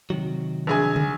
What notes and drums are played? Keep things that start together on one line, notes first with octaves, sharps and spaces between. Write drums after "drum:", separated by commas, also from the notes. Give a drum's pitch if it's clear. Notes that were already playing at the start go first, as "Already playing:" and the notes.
C3 D#3 F#3
A#1 G#4 G#5
drum: tom